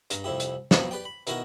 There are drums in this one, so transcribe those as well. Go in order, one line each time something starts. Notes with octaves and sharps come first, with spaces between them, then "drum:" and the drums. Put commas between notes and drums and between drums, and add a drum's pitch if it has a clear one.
G2 A#5, drum: hi-hat
C2 F2 E4 G4
drum: hi-hat
F3 F#3 B3 C4, drum: snare
G4 B4 D5 G5
B5
B2 D#3 E4 F#4 A#4, drum: hi-hat